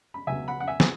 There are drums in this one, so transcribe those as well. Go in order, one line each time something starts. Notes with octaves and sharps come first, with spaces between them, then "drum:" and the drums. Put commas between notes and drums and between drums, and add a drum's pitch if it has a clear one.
B5
C#2 B2 F#3 E5 G#5
F#5 B5
F#5
E5 G#5
G#5, drum: snare